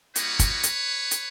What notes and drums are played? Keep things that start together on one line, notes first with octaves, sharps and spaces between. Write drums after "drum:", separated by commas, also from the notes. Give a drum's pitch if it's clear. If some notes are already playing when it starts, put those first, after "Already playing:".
G3 A#3 D#4 F#4 B4 C#5, drum: hi-hat
drum: kick, hi-hat
drum: hi-hat
drum: hi-hat